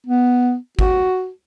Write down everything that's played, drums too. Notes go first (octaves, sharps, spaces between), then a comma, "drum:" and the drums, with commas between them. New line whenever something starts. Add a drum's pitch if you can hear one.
B3
F#4, drum: kick G#1